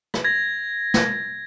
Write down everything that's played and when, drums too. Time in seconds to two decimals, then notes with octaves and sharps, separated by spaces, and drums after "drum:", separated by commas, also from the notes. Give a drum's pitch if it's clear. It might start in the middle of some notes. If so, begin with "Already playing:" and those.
0.14 drum: rim click
0.24 G#6 A#6
0.94 drum: snare